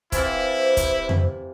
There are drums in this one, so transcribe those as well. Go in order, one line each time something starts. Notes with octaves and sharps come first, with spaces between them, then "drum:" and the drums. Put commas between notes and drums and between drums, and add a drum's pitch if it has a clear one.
C3 E3 E4 F4 C5, drum: kick, hi-hat
drum: kick, hi-hat
drum: tom F2